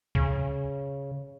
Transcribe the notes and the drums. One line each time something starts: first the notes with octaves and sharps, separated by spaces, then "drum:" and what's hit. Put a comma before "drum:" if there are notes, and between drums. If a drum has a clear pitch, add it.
C#3, drum: kick C#2